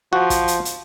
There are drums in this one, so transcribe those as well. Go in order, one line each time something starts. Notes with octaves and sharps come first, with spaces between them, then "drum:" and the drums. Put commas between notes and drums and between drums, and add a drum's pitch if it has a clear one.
F3 F#4
drum: kick, hi-hat
drum: hi-hat
drum: hi-hat